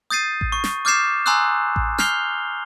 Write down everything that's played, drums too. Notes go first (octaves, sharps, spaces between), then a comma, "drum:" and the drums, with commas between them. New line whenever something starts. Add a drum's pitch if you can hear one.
D#6 G6 A6 C7 D#7
drum: kick A1
C#6
drum: snare
D6 F6 G6 A6 C7 E7
G#5 A#5 C6 D#6 E6 F#6
drum: kick A1
F6 G6 C7 F7 G7, drum: snare